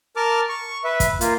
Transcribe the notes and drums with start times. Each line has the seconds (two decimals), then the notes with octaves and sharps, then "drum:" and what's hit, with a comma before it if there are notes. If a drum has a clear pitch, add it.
0.16 A#4 A5 D6 F6
0.49 C#6
0.84 B4 E5
1.00 drum: kick, hi-hat
1.21 A#3 F4, drum: hi-hat